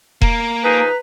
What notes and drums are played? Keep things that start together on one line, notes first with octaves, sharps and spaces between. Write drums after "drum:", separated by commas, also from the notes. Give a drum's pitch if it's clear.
A#3 A#5, drum: kick E1
F3 D#4 G#4 B4